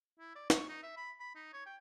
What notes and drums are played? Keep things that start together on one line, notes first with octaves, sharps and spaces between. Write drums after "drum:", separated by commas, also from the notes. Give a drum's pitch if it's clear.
E4
D5
C#6, drum: snare
D#4
E5
B5
B5
D#4
C#5
G5